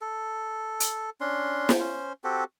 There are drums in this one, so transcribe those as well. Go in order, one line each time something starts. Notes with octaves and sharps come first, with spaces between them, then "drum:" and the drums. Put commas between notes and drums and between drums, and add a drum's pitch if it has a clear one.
A4
drum: hi-hat
C#4 D4 C6
drum: snare
C#4 C5
C4 F#4 G4 A4